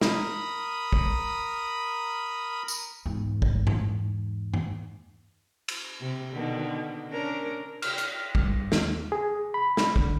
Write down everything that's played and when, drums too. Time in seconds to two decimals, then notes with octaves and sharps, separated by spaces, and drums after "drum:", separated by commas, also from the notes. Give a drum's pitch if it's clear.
0.01 A#4 B5 D#6, drum: snare
0.93 drum: kick
2.68 drum: tambourine
3.06 E2 G#2
3.42 drum: kick
3.67 drum: tom G2
4.54 drum: tom G2
5.68 drum: cymbal
6.00 C3
6.33 B2 D3 D#3
7.10 C#4 D4 A#4
7.82 F6, drum: cymbal
7.98 drum: hi-hat
8.35 G2, drum: kick
8.72 D#2, drum: snare
9.12 G#4
9.54 B5
9.77 drum: snare
9.96 D3, drum: kick